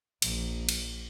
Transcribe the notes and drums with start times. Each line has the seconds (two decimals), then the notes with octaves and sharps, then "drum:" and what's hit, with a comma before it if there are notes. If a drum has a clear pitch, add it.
0.22 A#1, drum: cymbal
0.69 drum: cymbal